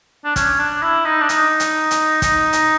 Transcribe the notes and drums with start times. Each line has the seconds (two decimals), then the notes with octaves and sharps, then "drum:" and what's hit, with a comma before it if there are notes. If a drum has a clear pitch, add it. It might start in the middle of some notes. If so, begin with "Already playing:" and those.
0.25 D4
0.36 C#4, drum: kick, hi-hat
0.59 D4
0.83 E4
1.06 D#4
1.21 D4
1.29 D#4, drum: hi-hat
1.60 drum: hi-hat
1.91 drum: hi-hat
2.22 D#4, drum: kick, hi-hat
2.53 drum: hi-hat